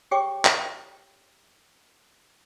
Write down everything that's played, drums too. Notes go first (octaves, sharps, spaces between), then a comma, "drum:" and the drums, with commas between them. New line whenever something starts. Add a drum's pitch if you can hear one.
G4 G#4 C#5 G5 C#6 D6
drum: clap